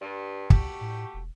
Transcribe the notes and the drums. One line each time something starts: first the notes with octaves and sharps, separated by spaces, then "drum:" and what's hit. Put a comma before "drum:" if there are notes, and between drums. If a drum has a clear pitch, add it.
G2
C#2 A3 F#4 G4, drum: kick
A2
E1